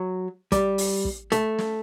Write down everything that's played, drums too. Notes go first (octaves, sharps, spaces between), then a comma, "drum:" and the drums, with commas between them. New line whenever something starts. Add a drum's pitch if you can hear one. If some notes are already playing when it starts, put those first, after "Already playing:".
Already playing: F#3
G3, drum: kick, hi-hat
drum: open hi-hat
drum: kick
A3, drum: hi-hat
drum: snare